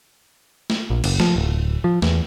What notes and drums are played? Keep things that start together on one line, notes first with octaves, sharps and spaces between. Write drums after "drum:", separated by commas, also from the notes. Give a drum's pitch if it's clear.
drum: snare A3
A#1
F#1, drum: cymbal
F3, drum: snare A3
D1
F3
E2, drum: snare A3